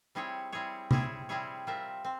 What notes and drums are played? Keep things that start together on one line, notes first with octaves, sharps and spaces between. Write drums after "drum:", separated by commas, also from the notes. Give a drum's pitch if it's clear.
G3 C4 E4 G#4 C#5
G3 C4 E4 G#4 C#5
G3 C4 E4 G#4 C#5, drum: tom C3
G3 C4 E4 G#4 C#5
G3 C4 F4 A#4 E5
C4